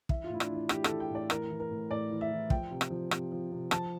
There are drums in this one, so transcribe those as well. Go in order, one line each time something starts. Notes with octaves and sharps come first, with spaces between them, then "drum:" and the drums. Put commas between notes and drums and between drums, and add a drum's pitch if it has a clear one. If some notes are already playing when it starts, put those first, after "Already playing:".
E3 E5, drum: kick
F4
A2 E4
D4, drum: rim click
E3
E4
E3 G4, drum: rim click
A4, drum: rim click
E3
G5
A2 D5
E3 A#4, drum: rim click
E3
A#4
A2
A2 D5
E3
E5
E3
F3 G5, drum: kick
C3
drum: rim click
F3
C3, drum: rim click
F3
C3
F3 A5, drum: rim click